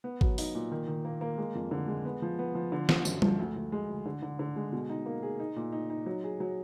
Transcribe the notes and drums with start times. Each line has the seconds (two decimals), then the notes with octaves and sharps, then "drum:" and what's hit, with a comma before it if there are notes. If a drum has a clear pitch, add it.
0.04 B3
0.21 F#3, drum: kick G#1
0.38 D#4, drum: open hi-hat
0.55 A#2
0.71 D#3
0.87 D#3
1.05 A#3
1.21 A#3
1.38 G#3
1.55 F2
1.71 D3
1.88 G#3
2.05 B3
2.22 F3
2.39 B3
2.55 F3
2.72 D3
2.89 F3, drum: snare
3.05 F#2, drum: tambourine
3.22 F3, drum: tom G3
3.39 D2
3.56 D2
3.72 G#3
3.89 D2
4.06 D3
4.23 D3
4.39 D3
4.56 G#3
4.73 B2
4.89 D#4
5.06 A#3
5.23 G#4
5.40 D#4
5.56 A#2
5.72 D#4
5.90 D#4
6.06 F#3
6.24 G#4
6.40 F#3